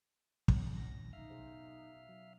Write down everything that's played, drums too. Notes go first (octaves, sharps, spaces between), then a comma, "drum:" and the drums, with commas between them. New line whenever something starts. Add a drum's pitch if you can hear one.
F#3 C#4, drum: kick
D#2 A2 A#6
D#4 E5 F5 F6
B2 G#4 C5
F#3